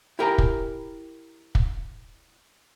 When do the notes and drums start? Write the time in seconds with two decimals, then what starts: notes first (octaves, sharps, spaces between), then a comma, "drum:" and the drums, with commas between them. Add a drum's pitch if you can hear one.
0.19 E4 G4 A#4 G5 G#5 A#5
0.38 drum: kick
1.55 drum: kick